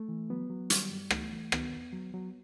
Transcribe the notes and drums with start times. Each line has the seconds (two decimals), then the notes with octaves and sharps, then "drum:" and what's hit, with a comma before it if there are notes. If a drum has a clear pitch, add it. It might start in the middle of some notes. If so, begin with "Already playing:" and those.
Already playing: A3
0.09 E3
0.30 F#3 B3
0.50 F#3
0.70 D#3 G3, drum: hi-hat
0.91 G2
1.10 E3 A3, drum: rim click
1.32 E3
1.52 D#3 B3, drum: rim click
1.72 E2
1.93 F#3
2.13 F#3